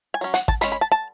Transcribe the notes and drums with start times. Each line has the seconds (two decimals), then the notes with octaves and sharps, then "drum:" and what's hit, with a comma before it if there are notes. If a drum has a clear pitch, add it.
0.14 G#5
0.21 F#3 C#4
0.34 F#5, drum: hi-hat
0.48 A5, drum: kick
0.61 G#3 C#4 B5, drum: hi-hat
0.72 B5
0.81 A5
0.92 A5